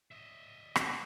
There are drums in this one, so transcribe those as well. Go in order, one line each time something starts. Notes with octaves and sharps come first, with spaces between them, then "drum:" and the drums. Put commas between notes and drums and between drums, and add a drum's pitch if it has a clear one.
D#5 E5
drum: rim click